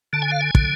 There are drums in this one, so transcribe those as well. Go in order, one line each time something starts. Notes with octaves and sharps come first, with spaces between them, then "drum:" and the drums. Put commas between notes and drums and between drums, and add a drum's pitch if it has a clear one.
D3 A5
G#5
F5
G#5
D3, drum: kick